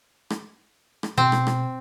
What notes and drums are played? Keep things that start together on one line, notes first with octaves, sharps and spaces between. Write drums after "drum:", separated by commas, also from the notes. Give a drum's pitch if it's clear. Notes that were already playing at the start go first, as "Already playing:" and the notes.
drum: rim click
drum: rim click
B2 C4
drum: rim click
drum: rim click